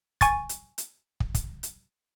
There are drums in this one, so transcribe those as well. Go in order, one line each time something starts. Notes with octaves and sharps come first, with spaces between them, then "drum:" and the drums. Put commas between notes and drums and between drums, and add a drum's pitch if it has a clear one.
G#5 C#6 A6, drum: kick, hi-hat
drum: hi-hat
drum: hi-hat
drum: kick
drum: kick, hi-hat
drum: hi-hat